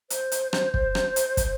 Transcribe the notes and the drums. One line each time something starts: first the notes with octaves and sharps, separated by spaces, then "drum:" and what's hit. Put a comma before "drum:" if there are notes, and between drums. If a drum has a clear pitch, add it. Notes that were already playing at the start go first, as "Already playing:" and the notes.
C5, drum: hi-hat
drum: hi-hat
drum: rim click
drum: kick
drum: rim click
drum: hi-hat
drum: kick, hi-hat